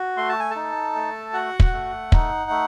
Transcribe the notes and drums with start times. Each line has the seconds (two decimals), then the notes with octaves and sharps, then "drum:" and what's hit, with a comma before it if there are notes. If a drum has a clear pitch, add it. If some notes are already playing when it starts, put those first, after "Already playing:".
Already playing: F#4
0.17 A3 C6
0.29 A5
0.40 G#5
0.51 D#4 A4 A5
0.95 A3
1.33 F#4 F#5
1.60 drum: kick
1.73 A3
2.12 D#4, drum: kick
2.50 A3